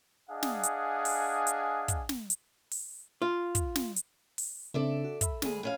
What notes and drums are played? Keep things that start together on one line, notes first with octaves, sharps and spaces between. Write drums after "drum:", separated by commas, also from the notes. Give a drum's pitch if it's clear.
D4 G#4 D#5 F5 F#5 G#5
drum: snare
drum: hi-hat
drum: open hi-hat
drum: hi-hat
drum: kick, hi-hat
drum: snare
drum: hi-hat
drum: open hi-hat
F4
drum: kick, hi-hat
drum: snare
drum: hi-hat
drum: open hi-hat
C#3 C4 D4 A4 D5 E5
F#4
A4 E5 B5, drum: kick, hi-hat
D2 G#4, drum: snare
F2 C#4 F5